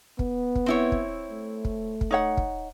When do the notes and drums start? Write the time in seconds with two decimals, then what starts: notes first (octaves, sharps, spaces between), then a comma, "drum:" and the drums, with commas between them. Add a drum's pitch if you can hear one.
0.19 B3, drum: kick
0.55 drum: kick
0.66 C4 E4 C#5
0.92 drum: kick
1.30 A3
1.65 drum: kick
2.01 drum: kick
2.11 D#4 C#5 F#5
2.37 drum: kick